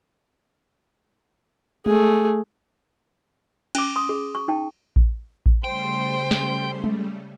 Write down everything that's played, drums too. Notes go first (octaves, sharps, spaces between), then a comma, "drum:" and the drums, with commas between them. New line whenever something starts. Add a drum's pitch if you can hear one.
A3 G#4, drum: tom G#3
C#4 D6, drum: cymbal
C6 D#6
G#4
C#6
D#4 G5 A5
drum: kick A1
drum: kick A1
C#3 G3 A3 C5 G5 C6
drum: snare
drum: tom G#3